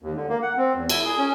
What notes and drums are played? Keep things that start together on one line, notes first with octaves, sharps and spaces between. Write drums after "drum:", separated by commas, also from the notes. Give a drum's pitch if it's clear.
D#2
D3
A#3
F#5
C4
E2
E4, drum: cymbal
G#4
C#4